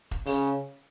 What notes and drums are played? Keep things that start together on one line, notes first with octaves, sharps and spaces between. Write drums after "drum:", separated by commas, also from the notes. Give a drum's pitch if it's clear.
drum: kick E1
C#3, drum: open hi-hat